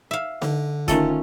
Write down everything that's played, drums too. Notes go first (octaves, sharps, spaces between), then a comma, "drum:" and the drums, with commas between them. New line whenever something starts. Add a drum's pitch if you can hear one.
E5 F5
D3, drum: snare
D#3 A3 C#4 F4 A4, drum: kick, hi-hat